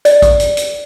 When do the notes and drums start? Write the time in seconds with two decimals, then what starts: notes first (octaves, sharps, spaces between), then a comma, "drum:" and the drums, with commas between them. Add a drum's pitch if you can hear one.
0.05 D5, drum: hi-hat
0.22 drum: kick, hi-hat
0.40 drum: hi-hat
0.57 drum: hi-hat